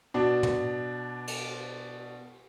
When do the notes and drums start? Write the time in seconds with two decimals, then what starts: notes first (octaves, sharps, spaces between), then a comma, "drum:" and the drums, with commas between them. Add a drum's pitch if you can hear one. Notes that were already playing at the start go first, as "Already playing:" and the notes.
0.14 B2 D4
0.43 drum: tom
1.27 drum: cymbal